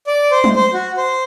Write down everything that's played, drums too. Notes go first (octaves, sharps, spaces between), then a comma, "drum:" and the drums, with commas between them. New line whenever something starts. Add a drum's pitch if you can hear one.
D5
C5
drum: tom F#3
C5
F#4
C5